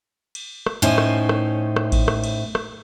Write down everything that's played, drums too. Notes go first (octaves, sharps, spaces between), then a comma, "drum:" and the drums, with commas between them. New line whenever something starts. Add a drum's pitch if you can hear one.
drum: cymbal
drum: rim click
A2 C#4 D#4 C5 G#5
drum: rim click
drum: rim click
drum: rim click
drum: kick A1, cymbal
drum: rim click
drum: cymbal
drum: rim click